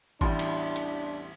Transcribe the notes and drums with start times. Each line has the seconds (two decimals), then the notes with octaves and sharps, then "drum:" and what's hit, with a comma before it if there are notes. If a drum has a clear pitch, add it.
0.21 A1 E2 G3 D4 E4 C6, drum: kick G#1
0.39 drum: cymbal
0.76 drum: cymbal